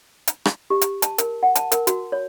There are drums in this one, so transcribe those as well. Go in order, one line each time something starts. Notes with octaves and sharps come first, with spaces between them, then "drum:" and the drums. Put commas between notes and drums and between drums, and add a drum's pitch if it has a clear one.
drum: hi-hat
drum: rim click
G4
drum: hi-hat
A5, drum: hi-hat
A#4, drum: hi-hat
F#5
A5, drum: hi-hat
A#4, drum: hi-hat
F#4, drum: hi-hat
C#5